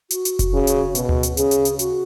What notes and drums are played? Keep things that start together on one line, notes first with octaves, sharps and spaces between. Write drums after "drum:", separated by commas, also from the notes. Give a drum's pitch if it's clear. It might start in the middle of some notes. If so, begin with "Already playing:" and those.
F#4, drum: hi-hat
drum: hi-hat
drum: kick F1, hi-hat
C#3
drum: hi-hat
B2, drum: hi-hat
drum: tom D2
drum: hi-hat
C#3 G#4, drum: hi-hat
drum: hi-hat
drum: hi-hat
F#4, drum: hi-hat